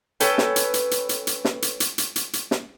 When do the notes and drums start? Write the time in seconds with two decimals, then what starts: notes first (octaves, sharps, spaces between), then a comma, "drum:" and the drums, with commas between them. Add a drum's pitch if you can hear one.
0.20 C#4 A4 B4 G5, drum: hi-hat
0.38 drum: snare
0.56 drum: hi-hat
0.74 drum: hi-hat
0.91 drum: hi-hat
1.09 drum: hi-hat
1.27 drum: hi-hat
1.45 drum: snare
1.62 drum: hi-hat
1.80 drum: hi-hat
1.98 drum: hi-hat
2.16 drum: hi-hat
2.33 drum: hi-hat
2.51 drum: snare